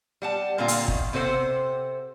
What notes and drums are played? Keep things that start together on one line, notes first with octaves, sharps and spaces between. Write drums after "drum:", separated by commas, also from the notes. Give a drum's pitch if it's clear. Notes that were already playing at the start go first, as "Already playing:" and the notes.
G3 F#5 A5
A#2 D3 C4 F4 F5 A#5
drum: hi-hat
D#3, drum: kick
C3 C4 A4 C5 F#5